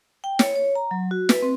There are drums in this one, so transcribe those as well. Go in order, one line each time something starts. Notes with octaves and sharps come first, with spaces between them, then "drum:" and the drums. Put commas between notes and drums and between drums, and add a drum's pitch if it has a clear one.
G5
C#5, drum: snare
C#5
A#5
F#3
F#4
B4, drum: snare
C4